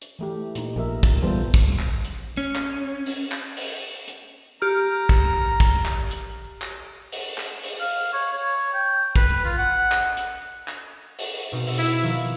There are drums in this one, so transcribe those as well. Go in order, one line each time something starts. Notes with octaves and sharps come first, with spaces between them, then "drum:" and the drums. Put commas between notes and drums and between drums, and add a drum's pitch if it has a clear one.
drum: hi-hat
E3 A3 G4
A#2 D#4, drum: hi-hat
A#1 A#2 A#4 E5
drum: kick, hi-hat
E3 G3 B3 F4 A4 C5
drum: kick, hi-hat
drum: clap
drum: hi-hat
C#4
drum: clap
drum: open hi-hat
drum: clap
drum: open hi-hat
drum: hi-hat
G4 A#5 F6
drum: kick, hi-hat
drum: kick, hi-hat
drum: clap
drum: hi-hat
drum: clap
drum: open hi-hat
drum: clap
drum: open hi-hat
F5
C#5
C#5
G5
B4, drum: kick, hi-hat
F4
F#5
drum: clap
drum: hi-hat
drum: clap
drum: open hi-hat
B2 C4 D#4
E5, drum: open hi-hat
E4
D#3 F3